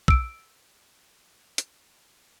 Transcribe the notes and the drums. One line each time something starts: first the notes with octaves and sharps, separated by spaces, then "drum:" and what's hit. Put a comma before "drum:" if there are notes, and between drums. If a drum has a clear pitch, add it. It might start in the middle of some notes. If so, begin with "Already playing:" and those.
E6 D7, drum: kick
drum: hi-hat